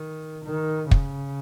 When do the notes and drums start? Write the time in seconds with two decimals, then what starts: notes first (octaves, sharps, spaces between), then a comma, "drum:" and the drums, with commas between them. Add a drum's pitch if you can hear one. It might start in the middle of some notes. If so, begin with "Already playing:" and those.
Already playing: D#3
0.45 D#3
0.91 C#3, drum: kick